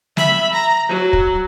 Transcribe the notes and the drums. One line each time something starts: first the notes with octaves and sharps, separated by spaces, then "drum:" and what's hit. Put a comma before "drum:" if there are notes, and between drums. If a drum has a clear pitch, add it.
E5 B5, drum: snare
A#5
F#3
drum: kick